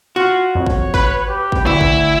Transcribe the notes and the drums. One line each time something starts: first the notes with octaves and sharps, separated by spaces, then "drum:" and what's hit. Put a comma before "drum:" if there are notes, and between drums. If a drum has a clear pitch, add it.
F4 F#4
F2 C#5
drum: kick
B4, drum: kick
G4
drum: kick
D2 E4 E5
drum: kick